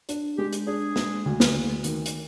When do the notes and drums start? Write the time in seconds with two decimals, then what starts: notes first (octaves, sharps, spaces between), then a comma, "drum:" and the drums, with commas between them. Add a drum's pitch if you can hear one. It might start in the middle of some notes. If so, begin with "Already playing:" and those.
0.09 D4, drum: hi-hat
0.38 G#3 G4
0.53 drum: hi-hat
0.67 D4 G#4
0.96 G#3, drum: snare
1.26 D2
1.40 drum: snare
1.54 D2
1.84 D#3, drum: hi-hat
2.06 drum: hi-hat